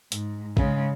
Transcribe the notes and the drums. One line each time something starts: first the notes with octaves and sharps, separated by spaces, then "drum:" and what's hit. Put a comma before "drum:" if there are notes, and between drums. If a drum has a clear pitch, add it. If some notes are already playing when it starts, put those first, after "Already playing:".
G#2, drum: hi-hat
C#3 G#3, drum: kick